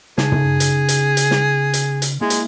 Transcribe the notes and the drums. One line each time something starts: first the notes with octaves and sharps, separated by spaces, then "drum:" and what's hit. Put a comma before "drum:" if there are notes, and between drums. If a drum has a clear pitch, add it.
C#3 D#4 G#4 A5, drum: snare
drum: tom
drum: hi-hat
drum: hi-hat
drum: hi-hat
drum: snare
drum: hi-hat
drum: hi-hat
G#3 A#3 E4 E5
drum: hi-hat